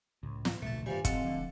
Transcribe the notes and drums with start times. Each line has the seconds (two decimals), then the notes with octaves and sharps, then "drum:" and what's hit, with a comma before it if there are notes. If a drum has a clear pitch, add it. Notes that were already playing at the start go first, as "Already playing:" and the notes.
0.23 C#2 A2
0.45 drum: snare
0.62 D1 A#1 B2 A3 A5
0.86 G2 D#3 F3 G3 G#5
1.05 G#2 F3 C4 A4 D#5 F5 F#5 A5, drum: kick, hi-hat
1.24 D3 F3 A3